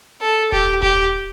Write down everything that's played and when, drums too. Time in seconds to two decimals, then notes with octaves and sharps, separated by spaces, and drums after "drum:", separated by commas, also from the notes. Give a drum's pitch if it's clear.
0.21 A4
0.52 G4, drum: kick D#1
0.82 G4, drum: kick D#1